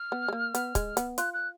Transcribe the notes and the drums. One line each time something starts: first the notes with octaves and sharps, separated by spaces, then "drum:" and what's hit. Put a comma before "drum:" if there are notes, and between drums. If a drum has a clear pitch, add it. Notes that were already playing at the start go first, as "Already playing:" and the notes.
Already playing: F6
B3
G#3
A#3
B3, drum: hi-hat
G#3, drum: kick, hi-hat
B3, drum: hi-hat
F4 F#6, drum: hi-hat
F#6